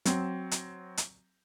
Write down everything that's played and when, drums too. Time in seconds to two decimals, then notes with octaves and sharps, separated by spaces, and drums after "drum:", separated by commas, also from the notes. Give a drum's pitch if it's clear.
0.05 F#3 C4, drum: hi-hat
0.51 drum: hi-hat
0.97 drum: hi-hat